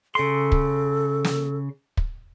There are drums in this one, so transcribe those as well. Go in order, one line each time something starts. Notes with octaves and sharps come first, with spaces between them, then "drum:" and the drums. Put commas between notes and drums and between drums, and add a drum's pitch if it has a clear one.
C#3 A4 C6
drum: kick
drum: snare
drum: kick